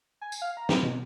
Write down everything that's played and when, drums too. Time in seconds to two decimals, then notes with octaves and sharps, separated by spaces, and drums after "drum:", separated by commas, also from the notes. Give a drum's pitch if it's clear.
0.21 G#5
0.32 drum: tambourine
0.42 F5
0.57 A#5
0.69 C4, drum: snare
0.83 B2